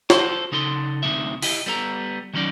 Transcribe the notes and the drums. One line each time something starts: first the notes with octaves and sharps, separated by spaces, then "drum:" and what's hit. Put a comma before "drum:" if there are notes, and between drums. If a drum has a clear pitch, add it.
F4 F#4 A4 C5, drum: snare
C#3 D#4 A4 C6
D2 C3 E3 C4 D#4 E5
E4 G4 D#5, drum: open hi-hat
G3 B3 A4 A#5
D#3 F#3 C#4 D#4 D5